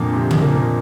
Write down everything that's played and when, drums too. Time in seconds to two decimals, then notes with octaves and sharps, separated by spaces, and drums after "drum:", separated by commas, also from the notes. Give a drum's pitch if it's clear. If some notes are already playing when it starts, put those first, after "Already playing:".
Already playing: F2 A#2 D3 F3 A#3
0.13 C3 C4
0.31 drum: tom C#3
0.41 A#2 A#3